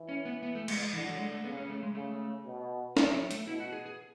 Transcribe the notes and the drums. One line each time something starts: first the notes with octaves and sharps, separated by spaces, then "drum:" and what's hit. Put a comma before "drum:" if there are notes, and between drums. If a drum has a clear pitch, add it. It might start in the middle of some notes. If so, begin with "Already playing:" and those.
Already playing: E3
C#4
B3
B3
A3
G#3, drum: cymbal
G#3
D3 E3
F#3
G#3
A3
C#3 B3
C#4
A3
G#3
C#3 A3
B2
A2 C#4, drum: snare
F#3
A3, drum: hi-hat
B2 E4
F#4
G#4
G#4